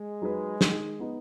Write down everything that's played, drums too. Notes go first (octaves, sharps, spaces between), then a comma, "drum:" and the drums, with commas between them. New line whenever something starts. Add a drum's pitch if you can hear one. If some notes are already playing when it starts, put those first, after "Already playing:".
Already playing: G#3
F#3 D#4 G#4 B4
D#3, drum: snare
B3 D#4